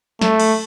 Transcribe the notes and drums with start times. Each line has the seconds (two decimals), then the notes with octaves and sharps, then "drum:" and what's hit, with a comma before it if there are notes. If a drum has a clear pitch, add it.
0.21 A3, drum: snare
0.40 drum: cymbal